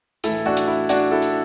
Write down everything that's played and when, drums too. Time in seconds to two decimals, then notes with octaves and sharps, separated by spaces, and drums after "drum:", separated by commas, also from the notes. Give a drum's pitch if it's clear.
0.24 A2 E3 E4 A4, drum: hi-hat
0.46 D4 F#4
0.57 drum: hi-hat
0.68 E4
0.89 D4 F#4, drum: hi-hat
1.12 E4 A4
1.22 drum: hi-hat